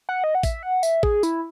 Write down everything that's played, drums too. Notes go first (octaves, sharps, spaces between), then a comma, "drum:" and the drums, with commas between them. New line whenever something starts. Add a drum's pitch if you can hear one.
F#5
D#5
F#5
E5, drum: kick, tambourine
F#5
E5, drum: tambourine
G#4, drum: kick
E4, drum: tambourine